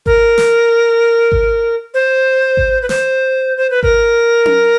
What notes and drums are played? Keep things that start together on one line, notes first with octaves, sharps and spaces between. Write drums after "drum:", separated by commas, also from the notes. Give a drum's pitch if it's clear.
A#4, drum: kick G#1
drum: snare
drum: kick G#1
C5
drum: kick G#1
B4
C5, drum: snare
C5
B4
A#4, drum: kick G#1
drum: tom C#4